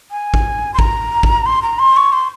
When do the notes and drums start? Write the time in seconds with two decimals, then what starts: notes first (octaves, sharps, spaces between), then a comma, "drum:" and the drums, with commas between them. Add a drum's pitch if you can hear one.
0.11 G#5
0.34 drum: kick A1
0.74 C6
0.79 A#5, drum: kick A1
1.23 drum: kick A1
1.46 C6
1.62 A#5
1.79 C6
1.96 C#6
2.13 C6